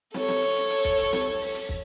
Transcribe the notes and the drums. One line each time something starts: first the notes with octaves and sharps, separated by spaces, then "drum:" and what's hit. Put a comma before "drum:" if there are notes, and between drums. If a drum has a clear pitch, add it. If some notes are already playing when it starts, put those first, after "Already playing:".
A4 C#5, drum: snare
drum: snare
drum: hi-hat
drum: hi-hat
drum: hi-hat
drum: kick, hi-hat
drum: hi-hat
drum: snare
drum: open hi-hat
drum: hi-hat
drum: kick